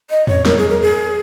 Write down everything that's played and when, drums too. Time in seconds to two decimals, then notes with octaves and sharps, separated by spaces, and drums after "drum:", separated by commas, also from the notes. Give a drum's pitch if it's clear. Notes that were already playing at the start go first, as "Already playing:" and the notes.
0.10 D#5
0.27 C#5, drum: tom E2
0.45 A#4, drum: snare
0.58 G#4
0.69 A#4
0.82 G#4